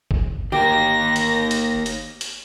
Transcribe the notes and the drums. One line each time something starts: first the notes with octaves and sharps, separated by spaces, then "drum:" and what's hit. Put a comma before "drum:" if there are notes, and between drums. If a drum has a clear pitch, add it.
G1, drum: kick G1
D#3 A#3 G4 A#4 A#6
drum: hi-hat
drum: hi-hat
drum: hi-hat
drum: hi-hat